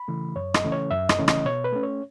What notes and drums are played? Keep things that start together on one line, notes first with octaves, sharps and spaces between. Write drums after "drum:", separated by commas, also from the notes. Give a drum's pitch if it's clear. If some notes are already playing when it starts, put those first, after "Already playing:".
Already playing: B5
C#3 E3 A3
F#2 C#5
D#5, drum: rim click
C#3 E3 A3 C#4
C#5
F#2 E5
D#5, drum: rim click
C#3 E3 A3 C#4
D#5, drum: rim click
B2 C#5
B4
A3 C#4
C#5